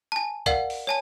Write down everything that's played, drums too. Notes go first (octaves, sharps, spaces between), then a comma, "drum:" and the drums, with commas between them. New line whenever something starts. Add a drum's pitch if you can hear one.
G#5 A5
A#4 D5 F5 F#5, drum: kick, hi-hat
drum: open hi-hat
C#5 G#5 A5